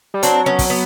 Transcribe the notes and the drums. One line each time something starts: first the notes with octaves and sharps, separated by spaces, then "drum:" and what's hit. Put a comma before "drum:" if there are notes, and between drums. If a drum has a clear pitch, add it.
G3
F#3 C4 D4, drum: hi-hat
B3 C#4
drum: kick, open hi-hat
B3